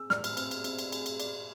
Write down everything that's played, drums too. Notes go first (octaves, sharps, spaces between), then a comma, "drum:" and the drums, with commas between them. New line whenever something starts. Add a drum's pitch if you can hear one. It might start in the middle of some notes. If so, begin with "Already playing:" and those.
Already playing: C4 G#4 E6
D5 F6, drum: snare
drum: cymbal
C4, drum: cymbal
drum: cymbal
C4, drum: cymbal
drum: cymbal
G#4, drum: cymbal
drum: cymbal
D5, drum: cymbal